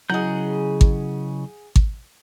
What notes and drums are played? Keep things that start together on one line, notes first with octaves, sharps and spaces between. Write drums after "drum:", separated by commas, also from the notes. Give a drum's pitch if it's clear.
C#3 F#3 E4 G#4 D#5 F#5 A#5 G6
drum: kick G#1
drum: kick G#1